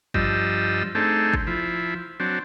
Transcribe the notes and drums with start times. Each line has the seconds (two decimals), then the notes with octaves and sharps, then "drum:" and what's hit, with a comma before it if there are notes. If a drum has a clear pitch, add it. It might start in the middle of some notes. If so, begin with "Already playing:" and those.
0.14 G2 F3 G3 D#5 E6, drum: kick
0.95 A3 C4 D4 D#4 G#4 A4
1.34 drum: kick
1.47 F3 E4
2.20 F#3 C4 D4